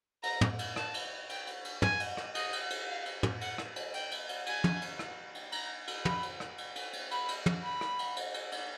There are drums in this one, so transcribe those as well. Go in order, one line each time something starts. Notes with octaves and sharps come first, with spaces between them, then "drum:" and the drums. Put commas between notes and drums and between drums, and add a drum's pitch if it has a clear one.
A#5, drum: cymbal
drum: tom
drum: cymbal
A5, drum: rim click
drum: cymbal
G5, drum: cymbal
drum: cymbal
drum: cymbal
G#5, drum: tom
drum: cymbal
drum: rim click
D#5, drum: cymbal
drum: cymbal
drum: cymbal
F5
drum: cymbal
drum: tom
F#5, drum: cymbal
drum: rim click
drum: cymbal
G5, drum: cymbal
drum: cymbal
drum: cymbal
G#5, drum: cymbal
drum: tom
drum: cymbal
drum: rim click
drum: cymbal
A#5, drum: cymbal
drum: cymbal
B5, drum: tom
drum: cymbal
drum: rim click
drum: cymbal
drum: cymbal
drum: cymbal
B5, drum: cymbal
drum: cymbal
drum: tom
B5
drum: rim click
drum: cymbal
drum: cymbal
drum: cymbal
drum: cymbal